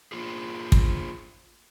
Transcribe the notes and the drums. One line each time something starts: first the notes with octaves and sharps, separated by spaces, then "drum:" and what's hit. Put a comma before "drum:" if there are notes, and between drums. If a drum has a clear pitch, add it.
A#3 F4 G#4
drum: kick